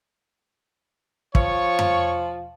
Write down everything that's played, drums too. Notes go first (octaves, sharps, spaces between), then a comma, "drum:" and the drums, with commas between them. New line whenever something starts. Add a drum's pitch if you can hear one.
F3 C#5 C#6, drum: kick
drum: tom F2